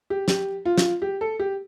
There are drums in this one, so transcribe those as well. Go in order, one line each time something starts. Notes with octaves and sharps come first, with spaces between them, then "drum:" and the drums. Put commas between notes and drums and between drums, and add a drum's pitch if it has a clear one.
G4
G4, drum: snare
F4
drum: snare
G4
A4
G4